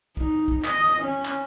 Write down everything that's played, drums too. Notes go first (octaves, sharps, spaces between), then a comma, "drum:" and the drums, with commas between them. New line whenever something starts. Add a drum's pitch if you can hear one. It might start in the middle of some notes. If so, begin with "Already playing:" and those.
D#4, drum: kick
drum: kick
D#5, drum: clap
C#4
drum: clap